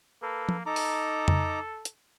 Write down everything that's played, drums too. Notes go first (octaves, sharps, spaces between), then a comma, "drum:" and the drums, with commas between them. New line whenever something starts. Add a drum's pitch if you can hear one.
A#3 A4 B4
drum: tom F3
D#4 A4 A#5 D6
drum: open hi-hat
drum: tom F2
drum: hi-hat